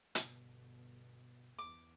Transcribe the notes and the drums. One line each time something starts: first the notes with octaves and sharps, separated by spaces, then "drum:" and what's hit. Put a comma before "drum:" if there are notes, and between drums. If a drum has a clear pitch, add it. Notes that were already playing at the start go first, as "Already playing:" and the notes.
G1 B2, drum: hi-hat
E2 D6